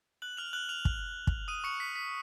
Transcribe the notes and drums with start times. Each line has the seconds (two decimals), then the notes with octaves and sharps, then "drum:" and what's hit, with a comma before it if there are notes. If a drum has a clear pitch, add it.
0.22 F#6 F#7
0.37 F6 F7
0.53 F#6 F#7
0.69 F6 F7
0.85 drum: kick
1.27 drum: kick
1.48 D#6 D#7
1.64 C#6 C#7
1.80 B6
1.96 B6